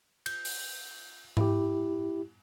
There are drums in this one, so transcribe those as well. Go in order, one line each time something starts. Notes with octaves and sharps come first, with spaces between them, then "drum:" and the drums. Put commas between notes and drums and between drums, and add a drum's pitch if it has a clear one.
G6, drum: cymbal
drum: open hi-hat
E4 G4, drum: tom G#2